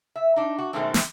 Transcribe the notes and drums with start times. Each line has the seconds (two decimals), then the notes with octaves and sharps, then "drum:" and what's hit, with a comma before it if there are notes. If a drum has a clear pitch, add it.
0.16 E5
0.36 D4 D#4
0.58 F#4
0.73 F#2 B2 D#3 G#3 A3 C4
0.94 drum: snare